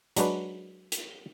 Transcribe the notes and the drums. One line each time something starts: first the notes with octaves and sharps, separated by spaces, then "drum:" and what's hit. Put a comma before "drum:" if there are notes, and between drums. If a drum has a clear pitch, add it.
F#3 G#3 D4 F#4 B4, drum: hi-hat
drum: hi-hat